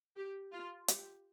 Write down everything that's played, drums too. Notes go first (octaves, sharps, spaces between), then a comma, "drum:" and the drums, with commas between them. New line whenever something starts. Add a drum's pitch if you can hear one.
G4
F4
G4, drum: hi-hat